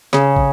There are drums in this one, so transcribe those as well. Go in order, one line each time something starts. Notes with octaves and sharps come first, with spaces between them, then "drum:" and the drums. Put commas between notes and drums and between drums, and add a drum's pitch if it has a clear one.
C#3, drum: snare
drum: kick